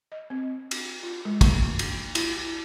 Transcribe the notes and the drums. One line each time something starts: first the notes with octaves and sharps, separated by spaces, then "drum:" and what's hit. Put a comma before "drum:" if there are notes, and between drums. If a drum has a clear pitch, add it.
D#5
C4
drum: cymbal
F4
G#3
A#3, drum: kick, cymbal
drum: cymbal
E4, drum: cymbal